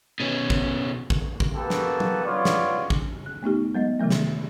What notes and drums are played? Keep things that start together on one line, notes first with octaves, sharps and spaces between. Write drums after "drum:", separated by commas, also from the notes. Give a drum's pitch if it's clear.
B2 C#4
drum: kick
drum: kick
drum: kick
A#3 B3 F#4 G4 A4
drum: snare
drum: tom F#3
B3 F4 C#5 D5
drum: snare
drum: kick
F#6
A3 B3 D#4 G4
F#3 G#3 B3 D#5
C3 D#3 E3 F#3 A3
drum: snare